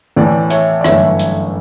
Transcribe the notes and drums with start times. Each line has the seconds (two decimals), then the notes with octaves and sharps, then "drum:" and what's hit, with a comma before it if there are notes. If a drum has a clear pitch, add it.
0.16 A2 E3 A3 B4 D5
0.50 C#5 E5, drum: hi-hat
0.81 D5
0.84 G1 F#2 E3 A3 C#5 E5, drum: rim click
1.19 drum: hi-hat